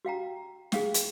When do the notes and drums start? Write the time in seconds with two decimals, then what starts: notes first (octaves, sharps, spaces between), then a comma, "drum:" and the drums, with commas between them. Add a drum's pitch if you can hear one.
0.05 F#4 F5 G5 A#5
0.72 G#4 F5 G5, drum: snare
0.94 drum: hi-hat